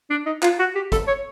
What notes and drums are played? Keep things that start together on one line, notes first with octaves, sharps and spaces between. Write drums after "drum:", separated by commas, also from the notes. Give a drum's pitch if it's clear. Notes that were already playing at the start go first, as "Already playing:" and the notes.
D4
D#4
F4, drum: clap
F#4
G4
A4, drum: kick, hi-hat
C#5